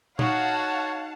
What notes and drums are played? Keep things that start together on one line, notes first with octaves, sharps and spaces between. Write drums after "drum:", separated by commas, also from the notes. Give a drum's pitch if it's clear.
D#4 F#4 C#5 F5 F#5 A5, drum: tom